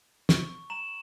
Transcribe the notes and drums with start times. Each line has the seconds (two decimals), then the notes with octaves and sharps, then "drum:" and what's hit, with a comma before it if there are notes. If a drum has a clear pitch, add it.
0.29 C#6, drum: snare
0.70 A#5 E7 F#7